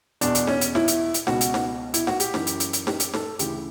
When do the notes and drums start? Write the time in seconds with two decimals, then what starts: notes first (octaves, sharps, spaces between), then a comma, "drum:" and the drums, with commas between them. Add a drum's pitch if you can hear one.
0.21 E2 B2 D4, drum: hi-hat
0.35 drum: hi-hat
0.47 C#4, drum: snare
0.61 drum: hi-hat
0.75 E4, drum: snare
0.88 drum: hi-hat
1.14 drum: hi-hat
1.27 C#2 B2 F#4, drum: snare
1.41 drum: hi-hat
1.54 drum: snare
1.94 E4, drum: hi-hat
2.07 F#4, drum: snare
2.20 G4, drum: hi-hat
2.34 F#2 E3, drum: snare
2.47 drum: hi-hat
2.60 drum: hi-hat
2.73 drum: hi-hat
2.87 G4, drum: snare
3.00 drum: hi-hat
3.14 A4, drum: snare
3.39 D2 C#3 E3 G4, drum: hi-hat